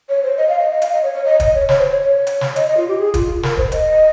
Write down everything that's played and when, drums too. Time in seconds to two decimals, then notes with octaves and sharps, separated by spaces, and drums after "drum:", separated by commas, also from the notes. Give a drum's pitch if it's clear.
0.09 C#5
0.23 C5
0.37 D#5
0.49 F5
0.60 D#5
0.70 D#5
0.82 F5, drum: hi-hat
0.93 D#5
1.03 C#5
1.14 C#5
1.25 D#5
1.40 D#5, drum: kick, hi-hat
1.54 C#5
1.69 C#5, drum: snare
1.79 C5
1.90 C#5
2.02 C#5
2.27 drum: hi-hat
2.41 drum: snare
2.56 D#5, drum: hi-hat
2.66 D#5
2.77 F4
2.88 G4
3.00 G#4
3.14 F4, drum: kick, hi-hat
3.43 A#4, drum: snare
3.57 C5, drum: kick
3.72 D#5, drum: hi-hat